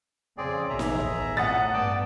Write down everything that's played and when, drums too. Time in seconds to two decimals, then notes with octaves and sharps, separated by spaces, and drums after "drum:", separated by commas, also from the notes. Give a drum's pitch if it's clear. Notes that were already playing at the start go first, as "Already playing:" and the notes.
0.38 F2 C#3 C4 G#4 D5
0.70 A1 D#2 B2 G#4 E5 A#5
0.79 drum: snare
1.00 drum: kick
1.37 A2 F#5 D#6 A6
1.73 G2 B3 D5 G5 A5